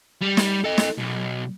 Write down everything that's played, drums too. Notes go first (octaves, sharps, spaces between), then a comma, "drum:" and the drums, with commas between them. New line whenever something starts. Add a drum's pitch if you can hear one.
G3
drum: snare
A4 D#5
drum: snare
B1